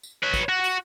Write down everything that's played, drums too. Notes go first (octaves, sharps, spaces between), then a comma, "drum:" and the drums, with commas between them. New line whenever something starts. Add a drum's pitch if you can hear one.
drum: tambourine
B4 C#5
drum: kick, tambourine
F#4
drum: tambourine